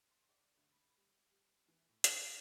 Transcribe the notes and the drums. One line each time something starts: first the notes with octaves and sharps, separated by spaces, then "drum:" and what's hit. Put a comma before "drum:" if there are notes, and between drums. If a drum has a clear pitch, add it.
C6
D5
D2
B5
G3
G3
E3
A2
F2, drum: hi-hat
B4